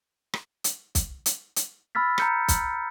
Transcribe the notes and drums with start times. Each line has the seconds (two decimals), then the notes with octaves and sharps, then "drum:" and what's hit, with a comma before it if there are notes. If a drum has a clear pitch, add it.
0.34 drum: rim click
0.64 drum: hi-hat
0.95 drum: kick, hi-hat
1.26 drum: hi-hat
1.56 drum: hi-hat
1.95 B5 E6 F6 A6 B6
2.18 A#5 G6 C#7, drum: rim click
2.48 drum: kick, hi-hat